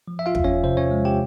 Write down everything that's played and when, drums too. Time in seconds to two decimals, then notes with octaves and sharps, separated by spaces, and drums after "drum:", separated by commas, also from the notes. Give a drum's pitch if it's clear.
0.08 F3
0.19 E5
0.26 F4 F5
0.35 E2, drum: kick
0.44 C#4 C#5
0.64 C3 C5
0.77 C#4 C#5
0.91 G#3
1.05 G4 G5